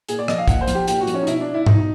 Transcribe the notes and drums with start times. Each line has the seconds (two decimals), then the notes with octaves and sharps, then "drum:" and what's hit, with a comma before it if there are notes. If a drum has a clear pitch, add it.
0.09 A#2 G#4, drum: hi-hat
0.19 D5
0.28 F3 D#5, drum: rim click
0.38 F5
0.48 A#2 F#5, drum: kick, hi-hat
0.61 C5
0.68 F3, drum: hi-hat
0.75 G4
0.88 A#2 G4, drum: hi-hat
1.01 F#4
1.07 F3, drum: hi-hat
1.14 C#4
1.23 D#4
1.27 B2 E4, drum: hi-hat
1.41 D4
1.54 E4
1.66 B2 D#4, drum: tom